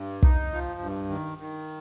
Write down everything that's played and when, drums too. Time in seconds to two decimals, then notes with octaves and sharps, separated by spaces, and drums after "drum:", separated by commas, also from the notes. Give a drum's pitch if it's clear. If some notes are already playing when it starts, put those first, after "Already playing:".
Already playing: G2
0.23 D#4, drum: kick
0.51 F3
0.80 G2
1.09 D#3
1.38 D#3